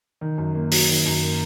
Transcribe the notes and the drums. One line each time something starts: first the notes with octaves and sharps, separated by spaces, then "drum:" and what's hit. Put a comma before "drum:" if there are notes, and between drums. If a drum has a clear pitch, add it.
D#3
F#2
A#3
F#3, drum: open hi-hat
D#3
F#2
A#3